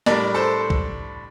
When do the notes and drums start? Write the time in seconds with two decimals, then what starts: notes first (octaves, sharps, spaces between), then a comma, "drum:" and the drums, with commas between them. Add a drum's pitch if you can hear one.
0.06 A2 G3 D4 A#4 D5, drum: snare
0.34 A4 C5
0.70 drum: kick